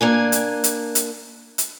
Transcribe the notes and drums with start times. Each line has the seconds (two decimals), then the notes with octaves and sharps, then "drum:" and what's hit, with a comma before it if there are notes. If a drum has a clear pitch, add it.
0.01 A#3 D4 G#5
0.32 drum: hi-hat
0.64 drum: hi-hat
0.95 drum: hi-hat
1.58 drum: hi-hat